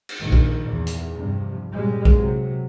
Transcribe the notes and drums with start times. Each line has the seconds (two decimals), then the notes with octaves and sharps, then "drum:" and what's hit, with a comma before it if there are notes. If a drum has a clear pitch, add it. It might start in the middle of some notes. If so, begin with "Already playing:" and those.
0.09 drum: cymbal
0.21 A#1 A#2 D#3
0.32 drum: kick A#1
0.72 E2
0.87 drum: hi-hat
1.14 G2 C3 F3
1.73 A#2 C#3 G3 G#3
2.05 drum: kick A#1
2.15 C3 F#3